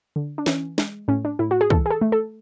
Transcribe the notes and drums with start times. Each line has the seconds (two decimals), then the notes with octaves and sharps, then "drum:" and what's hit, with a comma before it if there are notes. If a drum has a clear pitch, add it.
0.16 D3
0.38 D4
0.46 E3 C#4, drum: snare
0.78 G#3, drum: snare
1.08 A2 C#4
1.25 D4
1.39 A2 E4
1.51 F#4
1.61 G#4
1.70 E3 A4, drum: kick
1.86 G#4
1.90 A4
2.01 A3
2.12 A4